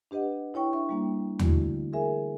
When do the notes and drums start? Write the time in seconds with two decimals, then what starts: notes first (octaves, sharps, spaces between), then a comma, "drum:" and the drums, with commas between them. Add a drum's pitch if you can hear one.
0.11 D4 G4 B4 D#5 F#5
0.54 E4 C#5 G5 C#6
0.73 D4 E5 C#6
0.89 G3 A#3 D4
1.39 D3 E3 A3 E4 F#4, drum: tom D#2
1.93 G#4 A#4 E5 G#5